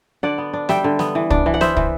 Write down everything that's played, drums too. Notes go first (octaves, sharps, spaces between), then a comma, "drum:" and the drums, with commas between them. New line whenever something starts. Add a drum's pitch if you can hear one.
D3 D5 F#5
B3
D4
G3 E5 G5, drum: snare
D3
B3, drum: snare
E3
D4, drum: kick
E3
F#5
B3 C5 E5, drum: snare
E3, drum: kick